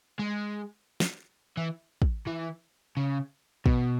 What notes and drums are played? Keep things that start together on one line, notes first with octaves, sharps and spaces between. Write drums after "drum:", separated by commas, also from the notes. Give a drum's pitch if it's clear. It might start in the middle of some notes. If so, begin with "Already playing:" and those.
G#3
drum: snare
E3
drum: kick
E3
C#3
B2, drum: kick